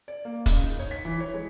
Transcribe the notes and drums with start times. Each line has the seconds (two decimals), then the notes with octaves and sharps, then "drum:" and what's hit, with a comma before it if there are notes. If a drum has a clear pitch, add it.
0.08 D5
0.25 A#3
0.46 C#3, drum: kick, hi-hat
0.63 D#4
0.79 C#5
0.91 B6
1.05 E3
1.20 C#5
1.34 G#3